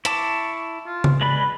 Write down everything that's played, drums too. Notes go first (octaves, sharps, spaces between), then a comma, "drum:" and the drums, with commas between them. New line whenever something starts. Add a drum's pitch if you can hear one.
E4 A5 C#6 D6, drum: hi-hat
F4
drum: tom C#3
G#3 B4 D5 B5